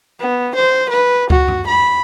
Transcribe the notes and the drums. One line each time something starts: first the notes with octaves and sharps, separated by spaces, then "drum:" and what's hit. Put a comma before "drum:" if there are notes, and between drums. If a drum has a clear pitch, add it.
B3
C5
B4
F#4, drum: kick C#2
drum: tom F#2
B5